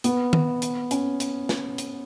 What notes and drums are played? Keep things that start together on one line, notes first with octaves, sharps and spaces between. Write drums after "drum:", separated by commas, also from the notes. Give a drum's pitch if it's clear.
B3, drum: hi-hat
drum: tom D#3
drum: hi-hat
C#4, drum: hi-hat
drum: hi-hat
drum: snare
drum: hi-hat